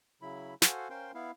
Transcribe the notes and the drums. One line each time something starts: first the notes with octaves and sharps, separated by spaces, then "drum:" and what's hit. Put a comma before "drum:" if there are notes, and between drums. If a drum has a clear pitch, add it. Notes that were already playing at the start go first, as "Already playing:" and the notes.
C#3 F#3 E4 B5
F#4 A4 C5 F5 F#5 G#5, drum: snare
C#4 A#4 C5 F5 G5 C6
B3 E4 F5